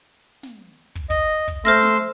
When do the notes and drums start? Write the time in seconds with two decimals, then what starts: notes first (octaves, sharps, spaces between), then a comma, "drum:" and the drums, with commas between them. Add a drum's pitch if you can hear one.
0.43 drum: snare
0.95 drum: kick
1.10 D#5, drum: kick, hi-hat
1.48 drum: kick, hi-hat
1.65 A3 C5 C6 E6 F6 A#6, drum: snare
1.82 drum: snare